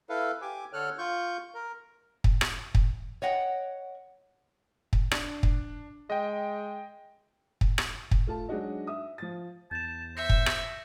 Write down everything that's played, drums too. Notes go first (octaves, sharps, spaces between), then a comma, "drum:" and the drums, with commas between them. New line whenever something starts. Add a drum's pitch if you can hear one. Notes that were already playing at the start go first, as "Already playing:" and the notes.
E4 A4 B4 F5
G4 G#5 D6
D3 A4 C#5 F6 F#6
F4 C#6 G6
A#4
drum: kick
drum: rim click
drum: kick
C#5 D#5 F#5 G5
drum: kick
D4, drum: rim click
drum: kick
G#3 D#5 G5
drum: kick
drum: rim click
drum: kick
A3 F4 A5
F#3 G#3 D4 D#4 F#4 D#5
E5 D#6
F3 A6
E2 A5 G6 E7
C5 E5 A#6 C#7
drum: kick
drum: rim click